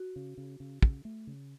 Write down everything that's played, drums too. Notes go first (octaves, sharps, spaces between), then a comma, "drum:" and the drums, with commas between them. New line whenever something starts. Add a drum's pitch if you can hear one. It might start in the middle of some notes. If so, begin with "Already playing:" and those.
Already playing: F#4
C#3
C#3
C#3
C#3, drum: kick
A3
C#3